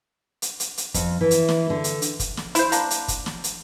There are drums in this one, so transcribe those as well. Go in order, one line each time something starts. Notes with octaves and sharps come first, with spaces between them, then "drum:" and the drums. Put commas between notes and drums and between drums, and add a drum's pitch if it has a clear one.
drum: hi-hat
drum: hi-hat
drum: hi-hat
F2, drum: kick, hi-hat
E3
drum: hi-hat
drum: snare
D3
drum: hi-hat
drum: hi-hat
drum: kick, hi-hat
drum: snare
E4 C5, drum: hi-hat
A#3 D4, drum: hi-hat
drum: hi-hat
drum: kick, hi-hat
drum: snare
drum: hi-hat